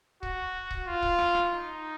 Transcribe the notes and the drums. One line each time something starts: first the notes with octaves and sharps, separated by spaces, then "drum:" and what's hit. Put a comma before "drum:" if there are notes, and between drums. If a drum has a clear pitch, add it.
F#4, drum: kick C#1
drum: kick C#1
F4
drum: kick C#1
drum: rim click
drum: rim click
D#4